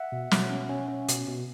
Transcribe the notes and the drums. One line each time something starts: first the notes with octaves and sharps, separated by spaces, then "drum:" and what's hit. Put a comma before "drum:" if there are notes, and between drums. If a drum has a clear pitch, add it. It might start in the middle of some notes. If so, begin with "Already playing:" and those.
Already playing: E5 F#5
B2
B2, drum: snare
C#4
C#4
C#4
B2, drum: hi-hat
B2